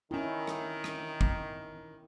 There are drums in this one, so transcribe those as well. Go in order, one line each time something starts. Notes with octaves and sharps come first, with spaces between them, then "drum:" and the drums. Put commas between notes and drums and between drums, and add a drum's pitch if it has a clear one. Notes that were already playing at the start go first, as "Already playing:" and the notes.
D#3 C#4 E4
drum: rim click
drum: rim click
drum: kick